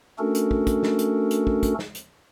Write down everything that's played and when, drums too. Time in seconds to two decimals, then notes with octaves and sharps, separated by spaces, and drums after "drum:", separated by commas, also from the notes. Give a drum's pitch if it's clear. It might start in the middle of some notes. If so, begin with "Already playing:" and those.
0.19 A3 C#4 D4 F#4 A4 A#4
0.35 drum: hi-hat
0.51 drum: kick
0.67 drum: kick, hi-hat
0.83 drum: snare
0.99 drum: hi-hat
1.31 drum: hi-hat
1.47 drum: kick
1.63 drum: kick, hi-hat
1.79 drum: snare
1.95 drum: hi-hat